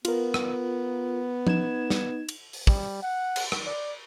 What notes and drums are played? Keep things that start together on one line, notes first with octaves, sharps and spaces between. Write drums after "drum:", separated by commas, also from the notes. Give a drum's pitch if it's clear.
B3 F4 A#4, drum: cymbal
drum: rim click
D#4 G#6 E7, drum: tom F3
drum: snare
drum: cymbal
drum: open hi-hat
G3, drum: kick
F#5
drum: cymbal
drum: rim click
D5